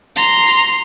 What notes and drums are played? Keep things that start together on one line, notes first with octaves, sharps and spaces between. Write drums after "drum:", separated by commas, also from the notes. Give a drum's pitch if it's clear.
A#5 C6, drum: tambourine
drum: tambourine